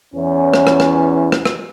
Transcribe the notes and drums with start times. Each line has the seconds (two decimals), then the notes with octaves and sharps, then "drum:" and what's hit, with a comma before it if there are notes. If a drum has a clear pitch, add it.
0.14 E2 E3 C#4
0.54 drum: rim click
0.67 drum: rim click
0.80 drum: rim click
1.32 drum: rim click
1.45 drum: rim click